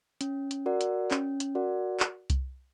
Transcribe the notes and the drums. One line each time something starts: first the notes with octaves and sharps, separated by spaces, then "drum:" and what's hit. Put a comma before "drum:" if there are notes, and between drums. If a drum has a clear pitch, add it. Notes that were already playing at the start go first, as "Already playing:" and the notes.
C#4, drum: hi-hat
drum: hi-hat
F#4 A#4 D5 F#5
drum: hi-hat
C#4, drum: clap
drum: hi-hat
F#4 A#4 D5 F#5
drum: clap
drum: kick C2, hi-hat